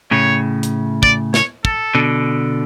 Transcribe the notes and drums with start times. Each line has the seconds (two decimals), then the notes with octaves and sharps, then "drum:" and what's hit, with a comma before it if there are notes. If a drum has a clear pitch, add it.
0.11 A2 C#3 C#5
0.63 drum: hi-hat
1.03 D5, drum: kick
1.34 C#5, drum: snare
1.65 A4, drum: kick
1.95 B2 D3